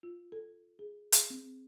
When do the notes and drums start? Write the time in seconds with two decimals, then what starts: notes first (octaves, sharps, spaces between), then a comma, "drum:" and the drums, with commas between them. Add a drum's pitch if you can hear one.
0.03 F4
0.32 A4
0.79 G#4
1.12 G#4, drum: hi-hat
1.30 C4